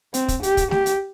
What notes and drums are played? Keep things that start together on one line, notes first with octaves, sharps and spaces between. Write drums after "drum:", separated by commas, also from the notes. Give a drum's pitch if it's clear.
C4, drum: hi-hat
drum: kick, hi-hat
G4, drum: hi-hat
drum: kick, hi-hat
G4, drum: snare A3
drum: hi-hat